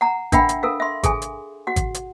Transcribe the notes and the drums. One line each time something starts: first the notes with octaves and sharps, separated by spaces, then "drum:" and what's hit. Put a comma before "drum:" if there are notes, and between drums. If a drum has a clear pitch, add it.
F#5 A#5
D4 A#4 E5 F#5 G5 B5, drum: kick G#1, hi-hat
drum: hi-hat
A4 A#4 F5
E5 C6
G#4 A4 G#5, drum: kick G#1, hi-hat
drum: hi-hat
F#4 F#5
drum: kick G#1, hi-hat
drum: hi-hat